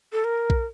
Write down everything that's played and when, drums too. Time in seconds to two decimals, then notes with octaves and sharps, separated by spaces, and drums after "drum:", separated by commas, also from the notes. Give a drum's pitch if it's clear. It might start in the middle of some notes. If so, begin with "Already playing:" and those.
0.12 A4
0.24 A#4
0.50 drum: kick B1